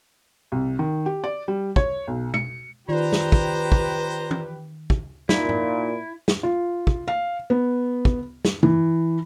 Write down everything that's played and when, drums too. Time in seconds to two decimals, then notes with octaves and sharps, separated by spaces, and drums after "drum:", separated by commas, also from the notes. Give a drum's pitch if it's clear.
0.52 C2
0.79 D#3
1.06 G4
1.24 D5
1.48 G3
1.76 C#5, drum: kick
2.08 B1
2.34 C#7, drum: tom B2
2.89 D#3 F4 G4 B4 C5 D5 A#5
3.13 drum: snare
3.32 drum: kick
3.72 drum: kick
4.31 drum: tom
4.90 drum: kick
5.29 A#2 D#4 E4, drum: snare
5.49 drum: tom G#2
6.28 drum: snare
6.43 F4
6.87 drum: kick
7.08 F5
7.50 B3
8.05 drum: kick
8.45 drum: snare
8.63 E3, drum: tom G2